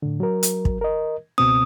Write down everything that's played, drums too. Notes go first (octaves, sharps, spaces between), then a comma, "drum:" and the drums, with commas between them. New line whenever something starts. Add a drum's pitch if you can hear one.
A2 D3
F#3 A#4
drum: hi-hat
drum: kick
A#4 D#5
C#2 B2 C4 D#6